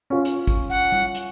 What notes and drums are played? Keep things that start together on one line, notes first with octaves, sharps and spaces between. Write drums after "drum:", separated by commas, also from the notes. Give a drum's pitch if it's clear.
C#4 F4
drum: hi-hat
drum: kick, hi-hat
F#5
drum: tom G3
drum: hi-hat